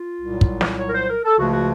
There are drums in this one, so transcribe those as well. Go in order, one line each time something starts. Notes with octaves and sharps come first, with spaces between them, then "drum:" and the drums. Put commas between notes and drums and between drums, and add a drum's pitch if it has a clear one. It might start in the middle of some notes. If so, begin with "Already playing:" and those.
Already playing: F4
C2 A#2 F#3
drum: kick
drum: snare
C#5
A#4
C5
A#4
A4
C#2 C#3 F3 A3 F#4
F#4